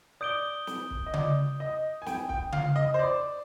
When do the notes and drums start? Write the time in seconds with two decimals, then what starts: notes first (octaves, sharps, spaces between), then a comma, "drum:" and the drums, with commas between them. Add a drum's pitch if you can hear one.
0.21 D5 D#6 G6 D7 G7
0.67 drum: snare
0.90 drum: kick
1.06 D#5
1.14 D5, drum: tom C#3
1.60 D#5
2.02 G#5
2.06 G5, drum: snare
2.29 G5, drum: kick
2.52 F5, drum: tom C#3
2.76 D#5
2.94 C5
2.99 D5